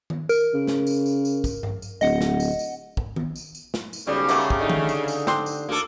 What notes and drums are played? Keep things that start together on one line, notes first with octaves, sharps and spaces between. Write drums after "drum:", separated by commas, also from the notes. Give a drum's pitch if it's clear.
drum: tom D#3
A#4, drum: tambourine
C#3
drum: snare
drum: tambourine
drum: tambourine
drum: tambourine
drum: kick, tambourine
drum: tom G2
drum: tambourine
D1 D#5 F#5, drum: tambourine
drum: snare
drum: tambourine
drum: tambourine
drum: kick
drum: tom D#3
drum: tambourine
drum: tambourine
drum: snare
drum: tambourine
B1 C#3 G3
F#3 A3 A#3, drum: tambourine
drum: kick
D3 D#4
drum: tom D#3
drum: tambourine
drum: tambourine
C4 D4 C6, drum: snare
drum: tambourine
D2 A#3 A4